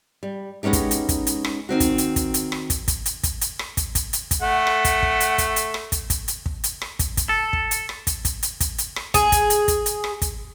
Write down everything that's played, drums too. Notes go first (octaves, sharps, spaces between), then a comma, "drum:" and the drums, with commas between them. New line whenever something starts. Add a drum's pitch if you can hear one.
G3
G#3 B3 C#4 D#4 G4
drum: kick, hi-hat
drum: hi-hat
drum: kick, hi-hat
drum: hi-hat
drum: rim click
D#3 C4 F#4
drum: kick, hi-hat
drum: hi-hat
drum: kick, hi-hat
drum: hi-hat
drum: rim click
drum: kick, hi-hat
drum: kick, hi-hat
drum: hi-hat
drum: kick, hi-hat
drum: hi-hat
drum: rim click
drum: kick, hi-hat
drum: kick, hi-hat
drum: hi-hat
drum: kick, hi-hat
A3 F#5
drum: rim click
drum: kick, hi-hat
drum: kick
drum: hi-hat
drum: kick, hi-hat
drum: hi-hat
drum: rim click
drum: kick, hi-hat
drum: kick, hi-hat
drum: hi-hat
drum: kick
drum: hi-hat
drum: rim click
drum: kick, hi-hat
drum: kick, hi-hat
A4
drum: kick
drum: hi-hat
drum: rim click
drum: kick, hi-hat
drum: kick, hi-hat
drum: hi-hat
drum: kick, hi-hat
drum: hi-hat
drum: rim click
G#4, drum: kick, hi-hat
drum: kick, hi-hat
drum: hi-hat
drum: kick, hi-hat
drum: hi-hat
drum: rim click
drum: kick, hi-hat